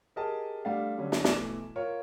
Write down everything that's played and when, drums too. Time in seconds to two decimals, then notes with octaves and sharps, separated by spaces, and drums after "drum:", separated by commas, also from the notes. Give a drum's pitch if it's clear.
0.16 G4 G#4 A#4 D#5 A5
0.65 G3 A3 D4 F5 F#5
0.98 D3 F#3 G3 C#4
1.12 drum: snare
1.24 B2 E3 A3 D6 E7, drum: snare
1.76 F4 A#4 C#5